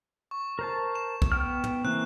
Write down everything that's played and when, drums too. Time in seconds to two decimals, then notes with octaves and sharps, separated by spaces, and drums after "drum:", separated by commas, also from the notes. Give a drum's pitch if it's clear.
0.31 C#6
0.59 A#4 C5 A5
0.95 E7
1.22 drum: kick
1.32 B3 G5 F6
1.64 drum: tom
1.85 E3 A#3 C4 F#6